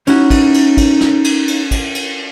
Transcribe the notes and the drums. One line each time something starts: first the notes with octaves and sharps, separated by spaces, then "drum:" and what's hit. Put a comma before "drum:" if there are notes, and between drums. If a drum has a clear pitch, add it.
C#4 D#4 E4 F#4, drum: cymbal
drum: kick, cymbal
drum: cymbal
drum: kick, cymbal
drum: snare
drum: cymbal
drum: cymbal
drum: kick, cymbal
drum: cymbal